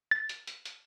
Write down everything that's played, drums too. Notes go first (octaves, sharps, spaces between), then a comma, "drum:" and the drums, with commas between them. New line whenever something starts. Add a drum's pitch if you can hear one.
A6
drum: hi-hat
drum: hi-hat
drum: hi-hat